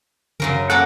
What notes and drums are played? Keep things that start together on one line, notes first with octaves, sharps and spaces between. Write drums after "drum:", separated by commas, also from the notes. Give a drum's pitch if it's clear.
F#2 C#3 A#4, drum: tom C3
A#3 C#4 A4 F#5